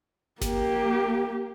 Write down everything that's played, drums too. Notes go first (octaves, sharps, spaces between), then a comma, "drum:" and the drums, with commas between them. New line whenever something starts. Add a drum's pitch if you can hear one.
A#3 G4, drum: snare G1